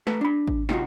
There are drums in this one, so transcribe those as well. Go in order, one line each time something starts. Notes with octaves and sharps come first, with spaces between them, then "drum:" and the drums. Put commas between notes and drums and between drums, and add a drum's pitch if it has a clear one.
A3 B4, drum: snare
D4 B5
drum: kick G#1
C3 D#4 F4 F#4, drum: snare